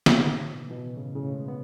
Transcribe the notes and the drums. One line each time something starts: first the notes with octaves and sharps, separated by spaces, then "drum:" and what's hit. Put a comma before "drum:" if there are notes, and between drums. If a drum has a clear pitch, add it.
drum: snare
A2 C#3
B2
E3
B2 D#3
A2 C#3
A2 C#3
G#3 B3
B3